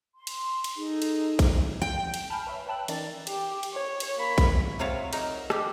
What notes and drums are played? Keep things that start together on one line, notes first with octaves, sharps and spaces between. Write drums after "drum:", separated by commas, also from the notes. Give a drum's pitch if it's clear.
C6
drum: cymbal
drum: cymbal
D#4 G#4 A4
drum: cymbal
drum: kick A#1, cymbal
G5
drum: cymbal
G#5 A5 B5 F6 G6
B4 C#5 E5
B4 C#5 G5 A5 E6 F#6
E3 C#4 D#4 A#4 D5 A6, drum: cymbal
G4, drum: cymbal
drum: cymbal
C#5
drum: cymbal
A#3 B5
drum: kick A#1, cymbal
C3 F#3 F4 C#5 F5
F#3 D#4 A#4, drum: cymbal
G#3 D4 G4, drum: rim click